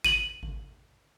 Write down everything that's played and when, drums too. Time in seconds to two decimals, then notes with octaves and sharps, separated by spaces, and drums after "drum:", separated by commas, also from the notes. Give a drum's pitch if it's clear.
0.05 D#7 F#7, drum: kick G#1
0.43 drum: kick G#1